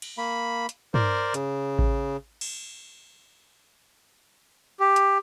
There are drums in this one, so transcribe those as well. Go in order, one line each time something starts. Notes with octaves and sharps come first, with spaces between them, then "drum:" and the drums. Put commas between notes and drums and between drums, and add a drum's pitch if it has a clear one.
drum: cymbal
A#3 B5
drum: hi-hat
A#4 C5 D5, drum: tom
C#3, drum: hi-hat
drum: kick A1
drum: cymbal
G4
drum: hi-hat